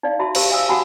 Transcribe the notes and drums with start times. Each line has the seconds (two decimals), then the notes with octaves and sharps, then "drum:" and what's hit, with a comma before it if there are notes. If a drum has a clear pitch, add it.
0.03 D#4 D5 F5
0.19 F#4 E5 A5 C6
0.35 G4 A#4 C5 F5, drum: cymbal
0.50 E5 F5 G#5 D#6 E6
0.69 F#4 F#5 G#5 A5 D6